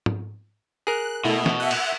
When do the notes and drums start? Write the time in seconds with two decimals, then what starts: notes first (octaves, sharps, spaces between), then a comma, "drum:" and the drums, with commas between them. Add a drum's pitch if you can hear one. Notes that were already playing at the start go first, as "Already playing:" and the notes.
0.06 drum: tom G#2
0.87 G#4 A#4 F#6
1.25 B2 A3 E4
1.46 drum: snare
1.60 E5 F#5
1.71 drum: cymbal